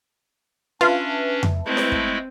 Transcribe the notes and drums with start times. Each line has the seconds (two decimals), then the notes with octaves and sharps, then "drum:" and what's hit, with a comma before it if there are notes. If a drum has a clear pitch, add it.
0.81 C#4 D4 F4 B4 E5 A5
1.43 drum: tom F2
1.66 G#3 A3 C4 E4
1.77 drum: snare E4
1.92 drum: kick